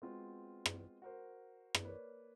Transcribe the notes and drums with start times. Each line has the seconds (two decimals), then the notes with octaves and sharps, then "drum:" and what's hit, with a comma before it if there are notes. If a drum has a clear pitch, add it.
0.02 G#3 B3 C4 F4 F#4 C5
0.66 drum: rim click
1.02 F#4 A#4 C5
1.75 drum: rim click
1.84 A#3 B4 C#5 D5